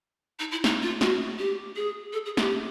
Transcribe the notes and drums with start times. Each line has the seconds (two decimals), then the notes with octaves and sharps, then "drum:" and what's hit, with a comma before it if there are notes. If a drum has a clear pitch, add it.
0.39 D#4
0.51 E4
0.64 D#4, drum: snare
0.82 F4
1.01 F#4, drum: snare
1.39 G4
1.76 G#4
2.13 A4
2.25 G#4
2.37 G4, drum: snare